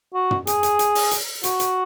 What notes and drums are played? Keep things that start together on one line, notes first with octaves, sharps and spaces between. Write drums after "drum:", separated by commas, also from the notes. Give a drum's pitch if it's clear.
F#4
drum: tom
G#4, drum: hi-hat
drum: hi-hat
drum: hi-hat
drum: open hi-hat
drum: hi-hat
F#4, drum: hi-hat
drum: hi-hat